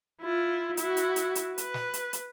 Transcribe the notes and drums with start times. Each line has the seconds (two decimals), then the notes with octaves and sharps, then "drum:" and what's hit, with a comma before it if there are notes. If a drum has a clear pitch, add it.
0.22 E4 F4
0.77 E4 F#4, drum: hi-hat
0.97 drum: hi-hat
1.16 drum: hi-hat
1.35 drum: hi-hat
1.58 B4, drum: hi-hat
1.74 drum: snare
1.94 drum: hi-hat
2.13 drum: hi-hat